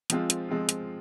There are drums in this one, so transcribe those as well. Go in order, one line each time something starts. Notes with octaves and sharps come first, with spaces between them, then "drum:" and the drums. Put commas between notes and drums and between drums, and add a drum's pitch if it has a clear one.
F3 G#3 C4 F4, drum: hi-hat
drum: hi-hat
F3 G#3 C4 F4
drum: hi-hat